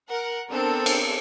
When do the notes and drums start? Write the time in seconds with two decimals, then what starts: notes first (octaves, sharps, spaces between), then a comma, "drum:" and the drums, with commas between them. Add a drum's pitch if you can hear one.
0.11 A#4 F#5
0.51 B3 C4 D4 A4 A#4
0.86 drum: cymbal